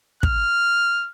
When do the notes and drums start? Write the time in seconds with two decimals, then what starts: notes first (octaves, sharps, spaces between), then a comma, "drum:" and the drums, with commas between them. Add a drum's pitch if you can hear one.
0.23 F6, drum: kick